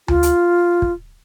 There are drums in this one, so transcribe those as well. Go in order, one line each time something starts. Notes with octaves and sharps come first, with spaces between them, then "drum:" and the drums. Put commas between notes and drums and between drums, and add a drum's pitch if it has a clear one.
F4, drum: tom D2
drum: hi-hat
drum: kick